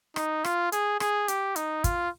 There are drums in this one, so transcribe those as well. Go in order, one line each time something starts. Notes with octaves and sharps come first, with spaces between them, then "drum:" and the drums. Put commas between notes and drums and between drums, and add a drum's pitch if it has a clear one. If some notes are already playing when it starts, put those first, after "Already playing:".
D#4, drum: rim click
F4, drum: rim click
G#4, drum: hi-hat
G#4, drum: rim click
G4, drum: hi-hat
D#4, drum: hi-hat
F4, drum: kick, hi-hat